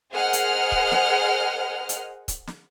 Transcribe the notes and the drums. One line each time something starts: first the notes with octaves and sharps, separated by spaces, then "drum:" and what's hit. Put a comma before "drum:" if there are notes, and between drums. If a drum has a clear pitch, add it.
G#4 A#4 C5 D#5 F#5 F6
drum: hi-hat
drum: kick
drum: snare
drum: hi-hat
drum: kick, hi-hat
drum: snare